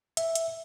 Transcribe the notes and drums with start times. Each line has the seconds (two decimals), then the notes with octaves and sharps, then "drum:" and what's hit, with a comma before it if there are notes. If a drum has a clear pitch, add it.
0.17 E5, drum: hi-hat
0.35 drum: hi-hat